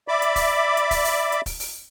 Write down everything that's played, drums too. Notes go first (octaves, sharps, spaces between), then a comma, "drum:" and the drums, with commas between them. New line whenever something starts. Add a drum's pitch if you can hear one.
D5 E5 B5 D6
drum: hi-hat
drum: kick, open hi-hat
drum: hi-hat
drum: kick, open hi-hat
drum: open hi-hat
drum: hi-hat
drum: kick, open hi-hat
drum: open hi-hat